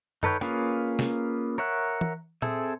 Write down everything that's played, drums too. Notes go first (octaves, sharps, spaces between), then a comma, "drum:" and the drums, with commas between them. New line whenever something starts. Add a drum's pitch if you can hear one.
D#4 A4 B4 C#5 G5, drum: tom F#2
A#3 C#4 F4 G#4 B4, drum: rim click
drum: snare
A#4 C#5 E5 F#5
drum: tom E3
C4 G#4 A4 E5, drum: tom A#2